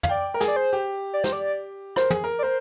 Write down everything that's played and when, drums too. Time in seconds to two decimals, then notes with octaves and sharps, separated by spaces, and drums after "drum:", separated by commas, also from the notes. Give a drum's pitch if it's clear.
0.03 F5, drum: tom
0.09 D5 G5
0.34 A#4
0.41 G#4, drum: snare
0.47 D5
0.56 C5
0.73 G4
1.13 D5
1.24 C5, drum: snare
1.33 D5
1.96 A#4 C5, drum: rim click
2.10 G#4, drum: tom
2.24 A#4
2.39 D5
2.43 A#4 C5